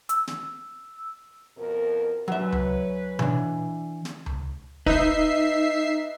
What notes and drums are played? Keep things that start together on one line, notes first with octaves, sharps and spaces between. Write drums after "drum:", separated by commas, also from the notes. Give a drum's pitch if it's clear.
E6, drum: hi-hat
drum: snare
F2 B2 A#4
F#3 C#4 B4 E5
drum: tom C#2
E3 D4, drum: tom B2
drum: snare
drum: tom C#2
D#4 B4 D#5 E5 C7, drum: kick